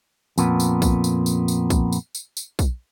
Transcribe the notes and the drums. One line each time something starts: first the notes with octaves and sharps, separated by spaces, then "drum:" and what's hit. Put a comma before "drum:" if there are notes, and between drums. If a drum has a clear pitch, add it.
F2 A#2 B3, drum: tambourine
drum: tambourine
drum: kick, tambourine
drum: tambourine
drum: tambourine
drum: tambourine
drum: kick, tambourine
drum: tambourine
drum: tambourine
drum: tambourine
drum: kick, tambourine